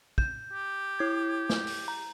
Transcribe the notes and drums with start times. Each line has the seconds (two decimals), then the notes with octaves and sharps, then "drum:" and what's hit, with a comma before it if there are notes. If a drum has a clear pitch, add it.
0.18 G6, drum: kick
0.53 G4
0.99 E4 G#6
1.49 drum: snare
1.67 drum: open hi-hat
1.88 A#5